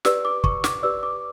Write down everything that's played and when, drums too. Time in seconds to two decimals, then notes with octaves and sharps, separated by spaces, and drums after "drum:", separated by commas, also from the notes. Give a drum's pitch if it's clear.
0.05 G4 B4 D5 E6, drum: snare
0.25 D6
0.44 C#6, drum: kick
0.64 D6, drum: snare
0.83 G4 B4 D5 E6
1.03 D6